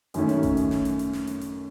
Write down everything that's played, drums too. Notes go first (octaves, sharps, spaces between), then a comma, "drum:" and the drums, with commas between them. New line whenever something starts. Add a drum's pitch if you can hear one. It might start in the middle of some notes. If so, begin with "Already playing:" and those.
F#2 D#3 A3 C#4, drum: hi-hat
drum: hi-hat
drum: kick G#1, hi-hat
drum: hi-hat
drum: snare
drum: hi-hat
drum: hi-hat
drum: snare
drum: hi-hat
drum: hi-hat